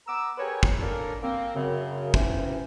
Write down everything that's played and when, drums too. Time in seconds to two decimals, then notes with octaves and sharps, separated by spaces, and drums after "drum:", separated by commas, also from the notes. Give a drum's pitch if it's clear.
0.07 B3 A#5 D6 E6
0.38 G4 G#4 A#4 B4 C#5
0.63 drum: kick
0.81 A#3 C#4 D4 A4 A#4
1.22 A#3 C4
1.55 F#2 C#3
2.14 C3 E3 C#4 D#4, drum: kick